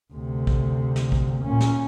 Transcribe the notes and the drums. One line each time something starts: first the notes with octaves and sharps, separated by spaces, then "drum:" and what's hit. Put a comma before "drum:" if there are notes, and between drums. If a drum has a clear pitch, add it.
D2 C3
drum: kick
drum: snare
drum: kick
A#2 C#4
drum: snare